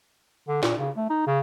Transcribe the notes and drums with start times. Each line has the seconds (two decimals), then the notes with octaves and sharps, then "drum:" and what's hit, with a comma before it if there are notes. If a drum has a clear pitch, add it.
0.48 D3
0.63 A#2, drum: snare
0.79 C#3
0.97 A3
1.10 D#4
1.27 C#3